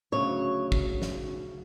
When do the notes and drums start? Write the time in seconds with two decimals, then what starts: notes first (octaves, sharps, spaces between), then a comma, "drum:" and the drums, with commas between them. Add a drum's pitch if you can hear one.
0.12 D2 C#3 F#3 C#5
0.72 drum: kick
1.02 drum: snare